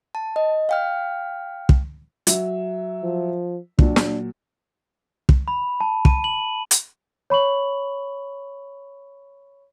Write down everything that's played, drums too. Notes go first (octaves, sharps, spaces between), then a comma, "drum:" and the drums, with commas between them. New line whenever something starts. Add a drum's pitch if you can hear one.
A5
D#5
F5 G5 F6
drum: kick
F#3 E5, drum: hi-hat
F3
A#2 F#3 D4, drum: kick
drum: snare
drum: kick
B5
A5
D#7, drum: kick
F#7
drum: hi-hat
C#5 B5 C#6 F#7